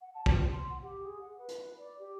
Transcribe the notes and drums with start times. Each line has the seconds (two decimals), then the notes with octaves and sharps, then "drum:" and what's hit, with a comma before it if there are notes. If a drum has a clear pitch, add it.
0.01 F#5
0.14 A5
0.26 F4, drum: kick
0.52 C6
0.70 F#5
0.82 G4
1.03 G#4
1.21 F#5
1.38 B4
1.48 drum: hi-hat
1.78 D5
1.99 G4